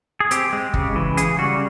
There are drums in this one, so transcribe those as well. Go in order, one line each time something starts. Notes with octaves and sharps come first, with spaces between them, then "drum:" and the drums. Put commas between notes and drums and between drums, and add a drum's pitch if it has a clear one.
G#4
C4 G4, drum: hi-hat
G#3
C#3, drum: kick G1
E3
C#3 G#4, drum: hi-hat
G3 F#4